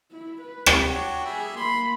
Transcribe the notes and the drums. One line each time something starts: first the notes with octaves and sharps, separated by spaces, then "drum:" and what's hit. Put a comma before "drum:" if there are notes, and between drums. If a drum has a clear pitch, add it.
E4
B4
drum: rim click
D4 F#4 C#5 G5
G3 G#4 E5
A#3 B5 C6